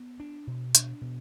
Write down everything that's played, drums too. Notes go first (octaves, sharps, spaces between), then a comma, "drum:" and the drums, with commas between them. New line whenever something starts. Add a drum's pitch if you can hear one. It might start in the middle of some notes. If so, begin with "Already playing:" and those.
Already playing: B3
D4
B2
D4, drum: hi-hat
B2